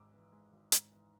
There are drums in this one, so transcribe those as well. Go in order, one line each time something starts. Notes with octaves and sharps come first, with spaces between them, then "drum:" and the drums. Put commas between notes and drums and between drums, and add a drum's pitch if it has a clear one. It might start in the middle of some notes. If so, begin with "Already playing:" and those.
Already playing: G#1 G#2 G#3 D6 E6
E3
G#3
G#1
G#2, drum: hi-hat
E3